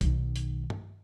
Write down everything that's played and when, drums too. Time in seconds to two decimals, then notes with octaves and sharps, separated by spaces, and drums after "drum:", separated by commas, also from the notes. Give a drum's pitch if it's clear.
0.01 B1 D#3, drum: kick B1, hi-hat
0.36 drum: hi-hat
0.70 drum: tom G2